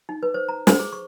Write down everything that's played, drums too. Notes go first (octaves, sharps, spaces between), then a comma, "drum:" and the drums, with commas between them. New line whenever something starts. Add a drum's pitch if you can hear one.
D#4
B4
C5
A#5
C5, drum: snare
G#4
C#6